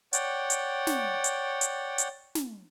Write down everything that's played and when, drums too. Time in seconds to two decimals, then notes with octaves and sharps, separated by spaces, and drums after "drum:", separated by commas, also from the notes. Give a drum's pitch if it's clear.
0.13 C#5 D5 F#5 G5, drum: hi-hat
0.50 drum: hi-hat
0.87 drum: snare
1.24 drum: hi-hat
1.61 drum: hi-hat
1.98 drum: hi-hat
2.35 drum: snare